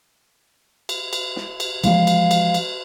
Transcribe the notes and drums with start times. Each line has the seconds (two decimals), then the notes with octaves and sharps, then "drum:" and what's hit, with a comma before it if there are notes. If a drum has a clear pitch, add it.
0.89 drum: cymbal
1.13 drum: cymbal
1.36 drum: snare
1.60 drum: cymbal
1.84 E3 F3 G#3 F5, drum: cymbal
2.07 drum: cymbal
2.31 drum: cymbal
2.54 drum: cymbal